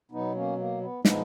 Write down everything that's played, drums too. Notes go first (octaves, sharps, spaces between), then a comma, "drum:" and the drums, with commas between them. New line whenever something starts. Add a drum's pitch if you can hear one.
B2 F#3 B3 D#4
A#3 C#4
A#3
B3
A#2 F3 G#3 B3 D#4, drum: snare